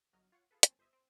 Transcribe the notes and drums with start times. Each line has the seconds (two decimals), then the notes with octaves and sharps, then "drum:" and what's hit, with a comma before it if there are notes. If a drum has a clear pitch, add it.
0.13 G1 F#3 D#5 F6
0.32 F4 C#5 F5 F#5 C#6
0.51 F4 G#4 A4 B4
0.63 A#1 C4 C#4 G#5 A5, drum: hi-hat
0.78 G1 C5 D#5 E5 G#6
0.93 C4